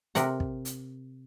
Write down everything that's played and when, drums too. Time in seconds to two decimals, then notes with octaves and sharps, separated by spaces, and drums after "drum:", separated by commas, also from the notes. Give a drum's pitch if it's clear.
0.15 C3 A#4 F#5, drum: hi-hat
0.40 drum: kick
0.65 drum: hi-hat